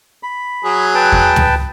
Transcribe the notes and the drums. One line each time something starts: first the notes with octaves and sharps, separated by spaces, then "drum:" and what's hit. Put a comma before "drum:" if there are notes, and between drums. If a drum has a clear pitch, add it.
B5
F#3 G#4
B4 G5 A5
drum: kick E2
drum: tom